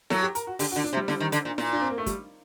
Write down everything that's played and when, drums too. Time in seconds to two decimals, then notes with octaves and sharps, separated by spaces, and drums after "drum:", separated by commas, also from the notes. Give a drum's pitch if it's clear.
0.10 F#3 A4, drum: snare E4
0.23 G4
0.35 A#4, drum: hi-hat
0.47 F#4
0.59 D3 G4, drum: open hi-hat
0.71 F#4
0.76 D3
0.84 D4
0.93 C3
0.97 G3
1.08 D3, drum: snare E4
1.20 D#3
1.32 D3, drum: hi-hat
1.45 A#2
1.58 A#2, drum: snare E4
1.73 D4
1.81 C4
1.90 A#3
1.98 A3
2.06 G3, drum: kick, hi-hat